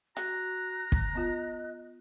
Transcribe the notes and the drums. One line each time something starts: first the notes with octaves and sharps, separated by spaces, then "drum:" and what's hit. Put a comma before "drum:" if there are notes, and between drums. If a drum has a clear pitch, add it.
F#4 A#5 F#6, drum: hi-hat
drum: kick
B3 F4 D#5